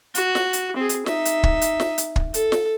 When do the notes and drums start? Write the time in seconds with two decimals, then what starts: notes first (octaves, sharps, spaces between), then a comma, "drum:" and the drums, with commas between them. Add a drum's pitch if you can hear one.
0.15 F#4, drum: hi-hat
0.35 drum: snare
0.53 drum: hi-hat
0.76 C4 G#4
0.89 drum: hi-hat
1.06 D#4 E5, drum: snare
1.25 drum: hi-hat
1.43 drum: kick
1.62 drum: hi-hat
1.80 drum: snare
1.98 drum: hi-hat
2.16 drum: kick
2.34 A4, drum: hi-hat
2.52 drum: snare